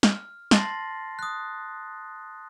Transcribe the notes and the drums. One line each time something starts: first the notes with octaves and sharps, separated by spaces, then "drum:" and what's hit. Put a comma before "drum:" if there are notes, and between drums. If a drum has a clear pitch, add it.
F6, drum: snare
A5 C6 A6 A#6 C7, drum: snare
D#6 F#6